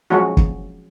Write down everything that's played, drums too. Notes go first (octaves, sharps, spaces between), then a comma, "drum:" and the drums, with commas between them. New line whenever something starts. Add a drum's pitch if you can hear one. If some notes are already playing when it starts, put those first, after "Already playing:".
F3 F#3 G#3 C#4 F#4
drum: kick